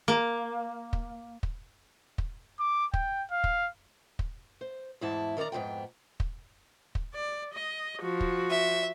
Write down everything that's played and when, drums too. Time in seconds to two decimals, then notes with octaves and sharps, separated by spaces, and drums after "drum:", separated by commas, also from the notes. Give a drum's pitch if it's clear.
0.08 A#3
0.93 drum: kick
1.43 drum: kick
2.18 drum: kick
2.60 D6
2.94 G5, drum: kick
3.31 F5
3.44 drum: kick
4.19 drum: kick
4.61 C5
5.01 E2 G#2 E4 A5
5.37 D#3 A#4 C#5 D5 A#5
5.52 F2 G#2 D#3 B3 G5
6.20 drum: kick
6.95 drum: kick
7.15 D5
7.54 D#5
8.02 F3 F#4
8.21 drum: kick
8.50 E5